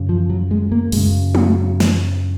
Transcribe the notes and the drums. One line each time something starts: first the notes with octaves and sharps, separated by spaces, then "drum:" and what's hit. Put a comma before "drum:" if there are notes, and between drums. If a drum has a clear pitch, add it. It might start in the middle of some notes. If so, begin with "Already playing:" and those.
Already playing: F#2 C#3
F3
F#3
G#3
A#3
F#2 C#3 G#3, drum: open hi-hat
F#3, drum: tom G#3
drum: snare